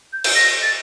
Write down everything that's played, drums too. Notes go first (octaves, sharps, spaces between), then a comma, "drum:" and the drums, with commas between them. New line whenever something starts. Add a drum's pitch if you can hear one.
G6
G6, drum: cymbal
A#6
A6